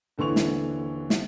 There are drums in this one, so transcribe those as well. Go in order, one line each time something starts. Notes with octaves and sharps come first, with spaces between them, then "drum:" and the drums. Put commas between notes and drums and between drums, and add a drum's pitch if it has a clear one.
D#1 D3 E3 C#6 F7
drum: snare
drum: snare